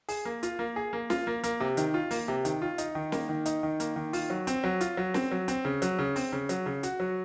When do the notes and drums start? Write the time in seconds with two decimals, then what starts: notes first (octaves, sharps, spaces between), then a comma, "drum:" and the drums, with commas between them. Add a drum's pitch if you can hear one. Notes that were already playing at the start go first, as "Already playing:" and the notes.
0.08 G#4, drum: open hi-hat
0.25 A#3
0.43 F4, drum: hi-hat
0.59 A#3
0.76 G#4
0.93 A#3
1.10 F4, drum: snare
1.27 A#3
1.44 A#3, drum: hi-hat
1.60 C3
1.77 D#3, drum: hi-hat
1.94 F4
2.11 A#3, drum: open hi-hat
2.28 C3
2.45 D#3, drum: hi-hat
2.62 F4
2.78 D#4, drum: hi-hat
2.95 D#3
3.12 A#3, drum: snare
3.29 D#3
3.46 D#4, drum: hi-hat
3.63 D#3
3.80 A#3, drum: hi-hat
3.96 D#3
4.13 F4, drum: open hi-hat
4.30 F#3
4.47 C4, drum: hi-hat
4.64 F#3
4.81 F4, drum: hi-hat
4.97 F#3
5.14 C4, drum: snare
5.31 F#3
5.48 C4, drum: hi-hat
5.65 C#3
5.82 F#3, drum: hi-hat
5.99 C#3
6.16 C4, drum: open hi-hat
6.32 C#3
6.49 F#3, drum: hi-hat
6.66 C#3
6.83 F#4, drum: hi-hat
7.00 F#3